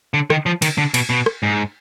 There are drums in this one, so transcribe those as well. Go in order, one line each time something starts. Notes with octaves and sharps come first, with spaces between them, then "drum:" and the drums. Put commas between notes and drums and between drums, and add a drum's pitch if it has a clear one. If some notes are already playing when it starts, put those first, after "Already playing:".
D3
D#3, drum: rim click
F3
D#3, drum: cymbal
D3
B2, drum: cymbal
B2
drum: rim click
G#2